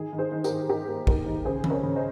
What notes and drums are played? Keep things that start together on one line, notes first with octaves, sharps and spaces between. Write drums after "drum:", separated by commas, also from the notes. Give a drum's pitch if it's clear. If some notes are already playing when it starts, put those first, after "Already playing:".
Already playing: D#3 G#4
D#3
G#4 C5
D#3
G4 A#4, drum: tambourine
D#3
D#3 G4 A#4
A#3
D#3 G4 A#4, drum: kick
D#3
C#3 G#4 C5
C#3, drum: tom D#3
A#4 C#5
C#3
C5 D#5